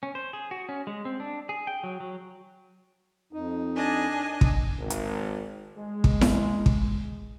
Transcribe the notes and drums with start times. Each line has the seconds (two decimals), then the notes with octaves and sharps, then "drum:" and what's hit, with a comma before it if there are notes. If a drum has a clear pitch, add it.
0.03 C#4
0.15 C5
0.33 G#4
0.51 F#4
0.69 C#4
0.87 G#3
1.05 C4
1.20 D4
1.49 G#4
1.67 G5
1.83 F#3
2.00 F#3
3.33 F2 D#4
3.76 D4 D#5 G#5
4.41 drum: kick
4.79 G#1
4.90 drum: hi-hat
5.77 G#3
6.04 drum: kick
6.21 drum: snare E4
6.66 drum: kick